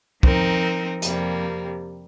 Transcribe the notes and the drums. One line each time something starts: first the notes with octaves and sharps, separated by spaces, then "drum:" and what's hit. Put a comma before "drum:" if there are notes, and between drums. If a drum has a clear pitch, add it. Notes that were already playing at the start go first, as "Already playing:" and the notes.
F3 C4 D#4 A#4, drum: kick
F2 C3 G3 A#3, drum: hi-hat